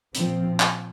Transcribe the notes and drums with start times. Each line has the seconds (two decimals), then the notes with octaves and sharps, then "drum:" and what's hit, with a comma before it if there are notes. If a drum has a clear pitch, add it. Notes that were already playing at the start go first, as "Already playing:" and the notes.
0.15 A#2 F3 C4, drum: hi-hat
0.60 drum: clap